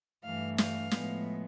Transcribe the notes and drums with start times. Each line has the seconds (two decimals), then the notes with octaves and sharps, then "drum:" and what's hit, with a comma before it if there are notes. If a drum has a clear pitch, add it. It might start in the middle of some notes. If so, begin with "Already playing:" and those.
0.23 G2 E3 A3 F5
0.58 F5, drum: snare
0.91 A2 F3 G#3 B3, drum: snare